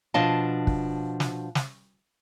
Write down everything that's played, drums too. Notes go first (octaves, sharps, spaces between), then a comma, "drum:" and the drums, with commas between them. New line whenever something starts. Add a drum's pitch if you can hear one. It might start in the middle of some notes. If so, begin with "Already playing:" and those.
B2 F3 D4 D#5 F5 A5
drum: kick
drum: snare
drum: snare